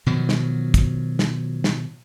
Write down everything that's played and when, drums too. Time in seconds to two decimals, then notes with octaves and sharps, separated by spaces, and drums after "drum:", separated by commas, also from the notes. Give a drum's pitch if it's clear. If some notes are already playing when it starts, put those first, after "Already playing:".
0.06 B2 D#3 F3 F#3
0.29 drum: snare
0.74 drum: kick, hi-hat
1.19 drum: snare
1.64 drum: snare